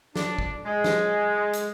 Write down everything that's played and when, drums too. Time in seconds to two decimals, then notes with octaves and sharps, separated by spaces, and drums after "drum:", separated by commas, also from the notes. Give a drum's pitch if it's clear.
0.16 D4, drum: snare
0.38 drum: kick
0.66 G#3
0.84 drum: snare
1.53 drum: hi-hat